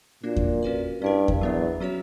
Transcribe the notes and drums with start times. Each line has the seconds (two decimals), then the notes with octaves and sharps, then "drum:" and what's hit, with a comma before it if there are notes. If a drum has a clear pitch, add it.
0.23 A#2 A#3 D4 F#4
0.37 drum: kick E2
0.63 C#4 F#4 B4 D5
1.02 G2 C#4 E4 A#4
1.28 drum: kick E2
1.41 E2 F#3 B3 D4
1.80 F#3 C#4 F#4 C#5